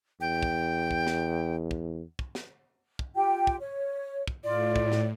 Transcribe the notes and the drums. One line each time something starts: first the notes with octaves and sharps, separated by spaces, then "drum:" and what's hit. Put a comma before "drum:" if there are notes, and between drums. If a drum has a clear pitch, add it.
E2 G5
drum: kick
drum: kick
drum: snare
drum: kick
drum: kick
drum: snare
drum: kick
F4 G4 G5
drum: kick
C#5
drum: kick
A2 F4 D5
drum: kick
drum: snare